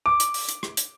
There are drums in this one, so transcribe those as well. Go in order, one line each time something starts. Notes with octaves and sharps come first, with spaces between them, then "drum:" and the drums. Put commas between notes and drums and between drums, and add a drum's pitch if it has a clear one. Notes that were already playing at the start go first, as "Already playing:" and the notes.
D6
drum: hi-hat
drum: open hi-hat
drum: hi-hat
drum: rim click
drum: hi-hat